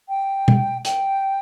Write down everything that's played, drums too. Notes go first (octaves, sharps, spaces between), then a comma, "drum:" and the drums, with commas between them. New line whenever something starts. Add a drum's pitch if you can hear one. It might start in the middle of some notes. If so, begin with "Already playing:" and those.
G5
drum: tom B2
G5, drum: hi-hat